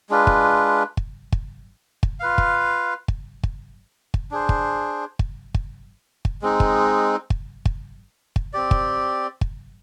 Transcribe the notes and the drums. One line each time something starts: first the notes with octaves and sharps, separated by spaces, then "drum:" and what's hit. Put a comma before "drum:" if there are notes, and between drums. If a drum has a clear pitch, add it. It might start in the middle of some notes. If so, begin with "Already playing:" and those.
G#3 D4 F4 B4
drum: kick
drum: kick
drum: kick
drum: kick
F4 B4 F5
drum: kick
drum: kick
drum: kick
drum: kick
D4 G#4 C5
drum: kick
drum: kick
drum: kick
drum: kick
G#3 C4 D#4
drum: kick
drum: kick
drum: kick
drum: kick
C4 G4 D5
drum: kick
drum: kick